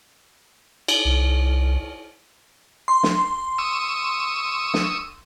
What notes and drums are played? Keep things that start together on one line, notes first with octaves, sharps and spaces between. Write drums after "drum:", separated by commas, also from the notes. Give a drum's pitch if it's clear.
drum: cymbal
C2
C6
drum: snare
C#6 D#6 E6
drum: snare